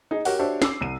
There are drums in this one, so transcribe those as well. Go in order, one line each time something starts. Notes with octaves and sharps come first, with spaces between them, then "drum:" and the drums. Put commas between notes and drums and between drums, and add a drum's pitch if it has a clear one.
D#4 G#4
F#4 G4 A#4 C#5 F#5, drum: open hi-hat
D4 F#4 G4 C5 C#5 E5
D6 E6 C7, drum: snare
C2 D#7